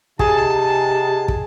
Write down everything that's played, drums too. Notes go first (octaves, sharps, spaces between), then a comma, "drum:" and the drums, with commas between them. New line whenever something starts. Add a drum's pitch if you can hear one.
C3 D#4 G#4 A5, drum: kick
drum: kick